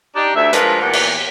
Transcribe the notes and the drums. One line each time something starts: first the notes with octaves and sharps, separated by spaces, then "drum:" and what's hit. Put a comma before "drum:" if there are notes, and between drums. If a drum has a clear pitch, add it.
D4 D#4 G4
D2 E5
F3 G#3 D4 F4 A#4 B4, drum: hi-hat
E2 A#2 E3 G4 F#5
drum: cymbal